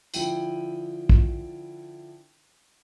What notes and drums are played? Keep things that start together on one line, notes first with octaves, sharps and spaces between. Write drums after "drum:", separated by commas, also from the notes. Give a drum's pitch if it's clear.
D3 F3 E4 G5 D#7 F#7, drum: tambourine
drum: kick